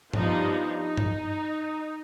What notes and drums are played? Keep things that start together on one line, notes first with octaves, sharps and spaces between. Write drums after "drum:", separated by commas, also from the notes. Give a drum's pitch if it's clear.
F3 G3 B3 D4 D#4, drum: tom G2
D#4
drum: tom G2